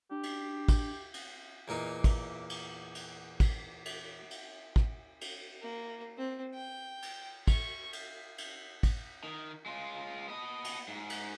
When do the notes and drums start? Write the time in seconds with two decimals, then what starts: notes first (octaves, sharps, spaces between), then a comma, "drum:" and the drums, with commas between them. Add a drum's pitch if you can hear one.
0.11 D4 G4
0.23 drum: cymbal
0.68 drum: kick, cymbal
1.14 drum: cymbal
1.68 E2 A#2 A#3 D#4
2.04 drum: kick, cymbal
2.50 drum: cymbal
2.95 drum: cymbal
3.40 drum: kick, cymbal
3.85 drum: cymbal
4.31 drum: cymbal
4.76 drum: kick
5.21 drum: cymbal
5.62 A#3
6.18 C4
6.54 G5
7.02 drum: cymbal
7.48 C#6, drum: kick, cymbal
7.93 drum: cymbal
8.38 drum: cymbal
8.83 drum: kick, cymbal
9.24 D#3
9.66 G#3 F4
10.28 B3 D#5
10.64 drum: cymbal
10.88 G#2
11.10 drum: cymbal